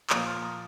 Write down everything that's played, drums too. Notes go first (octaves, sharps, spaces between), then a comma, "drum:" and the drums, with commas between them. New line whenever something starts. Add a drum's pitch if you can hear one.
A#2 F3 A#3 A#5 D#6, drum: clap
C6 F6
A#5 D#6